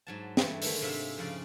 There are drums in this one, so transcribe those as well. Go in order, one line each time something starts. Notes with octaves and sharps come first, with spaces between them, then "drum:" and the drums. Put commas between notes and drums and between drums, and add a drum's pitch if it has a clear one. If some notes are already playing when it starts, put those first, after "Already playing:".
G#2 F#3 A5
G2 E3 G#3 A3, drum: snare
D3 D#3 G#3 A3 B3, drum: open hi-hat
G#2 C3 E5 F5
F2 C#3 D5